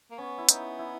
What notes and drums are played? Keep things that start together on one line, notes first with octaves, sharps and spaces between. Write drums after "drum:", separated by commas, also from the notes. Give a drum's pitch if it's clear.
A#3
B3 C#4
E4
D#4, drum: hi-hat
E4